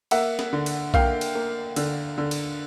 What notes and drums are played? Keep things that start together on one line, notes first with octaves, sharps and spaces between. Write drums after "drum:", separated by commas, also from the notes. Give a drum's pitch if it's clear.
A#3 E5 F#5, drum: cymbal
drum: snare
D3
drum: cymbal
A#3 F5 G5, drum: kick B1
drum: cymbal
A#3
D3, drum: cymbal
D3
drum: cymbal